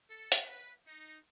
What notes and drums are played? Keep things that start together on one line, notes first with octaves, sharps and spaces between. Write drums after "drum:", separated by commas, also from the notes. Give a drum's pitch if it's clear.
A4
drum: hi-hat
B4
D#4